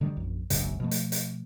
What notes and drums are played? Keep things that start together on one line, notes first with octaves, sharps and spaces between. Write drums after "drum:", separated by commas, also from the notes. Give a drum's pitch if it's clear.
D3 D#3 G3
A#1 F#2
E1 A#1 F#2 C#3, drum: hi-hat
B2 F3 A3
drum: hi-hat
drum: hi-hat